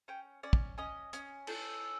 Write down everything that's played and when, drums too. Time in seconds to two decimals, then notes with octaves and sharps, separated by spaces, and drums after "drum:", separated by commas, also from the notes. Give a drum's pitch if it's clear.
0.08 C#4 G5
0.43 C#4 D5
0.53 drum: kick
0.78 C#4 D#5
1.13 C#4, drum: hi-hat
1.47 A4, drum: cymbal